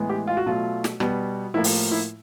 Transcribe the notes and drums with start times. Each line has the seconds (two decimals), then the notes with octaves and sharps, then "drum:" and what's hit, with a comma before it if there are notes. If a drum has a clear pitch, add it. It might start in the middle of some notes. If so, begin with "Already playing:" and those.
Already playing: A2 E3 G#3 B3
0.10 G4
0.27 F4
0.37 F#4
0.46 B2 F#3 A3 F4
0.84 drum: snare
1.00 B2 G3 B3, drum: rim click
1.54 A2 F3 A#3 E4
1.64 drum: open hi-hat
1.92 E4